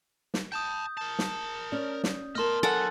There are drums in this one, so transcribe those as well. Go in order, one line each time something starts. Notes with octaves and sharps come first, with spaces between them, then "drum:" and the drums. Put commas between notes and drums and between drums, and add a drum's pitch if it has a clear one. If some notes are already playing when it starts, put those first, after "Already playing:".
drum: snare
G5 A5 D#6 G6
A#4 A5
drum: snare
C#4 D5
drum: snare
B3 A#4 D#5 A5 C6 F6
F#3 D4 A4 F#5 G#5 A6